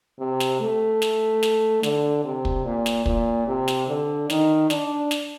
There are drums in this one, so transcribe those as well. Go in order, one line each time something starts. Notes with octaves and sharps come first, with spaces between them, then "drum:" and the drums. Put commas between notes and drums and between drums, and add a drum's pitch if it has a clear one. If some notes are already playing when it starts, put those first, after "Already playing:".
C3
drum: snare
A3
drum: snare
drum: snare
D3, drum: snare
C3
drum: kick
A#2
drum: snare
A#2, drum: kick
C3
drum: snare
D3
D#3, drum: snare
D4, drum: snare
drum: snare